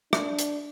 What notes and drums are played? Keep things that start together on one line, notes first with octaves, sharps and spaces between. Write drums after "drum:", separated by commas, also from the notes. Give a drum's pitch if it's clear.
D4, drum: rim click
drum: hi-hat